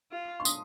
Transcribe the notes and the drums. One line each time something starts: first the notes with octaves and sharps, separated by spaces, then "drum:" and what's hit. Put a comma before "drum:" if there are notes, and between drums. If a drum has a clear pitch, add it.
F4
C6
D#6, drum: tambourine